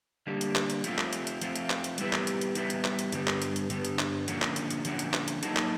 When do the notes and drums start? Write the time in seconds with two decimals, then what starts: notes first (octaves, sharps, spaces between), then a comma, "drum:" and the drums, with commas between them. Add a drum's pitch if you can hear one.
0.27 D3 G3 A#3
0.41 drum: hi-hat
0.55 drum: clap
0.70 drum: hi-hat
0.84 F3 A3 C4 F4, drum: hi-hat
0.98 drum: clap
1.13 drum: hi-hat
1.27 drum: hi-hat
1.41 F3 A3 C4 F4, drum: hi-hat
1.56 drum: hi-hat
1.70 drum: clap
1.84 drum: hi-hat
1.98 G3 B3 E4 G4 B4, drum: hi-hat
2.13 drum: clap
2.27 drum: hi-hat
2.41 drum: hi-hat
2.55 G3 B3 E4 G4 B4, drum: hi-hat
2.70 drum: hi-hat
2.84 drum: clap
2.99 drum: hi-hat
3.12 G2 D3 G3 B3, drum: hi-hat
3.27 drum: clap
3.42 drum: hi-hat
3.56 drum: hi-hat
3.70 G2 D3 G3 B3, drum: hi-hat
3.85 drum: hi-hat
3.99 drum: clap
4.28 D3 F3 A#3 C#4 F#4, drum: hi-hat
4.42 drum: clap
4.56 drum: hi-hat
4.70 drum: hi-hat
4.85 D3 F3 A#3 C#4 F#4, drum: hi-hat
4.99 drum: hi-hat
5.13 drum: clap
5.28 drum: hi-hat
5.43 F#3 A#3 D#4 F#4 A4, drum: hi-hat
5.56 drum: clap